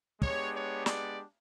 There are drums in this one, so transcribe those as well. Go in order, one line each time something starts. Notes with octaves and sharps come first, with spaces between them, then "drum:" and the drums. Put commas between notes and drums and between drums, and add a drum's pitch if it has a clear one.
G#3 B3 D4 G4 C#5, drum: kick
C#5
D5, drum: snare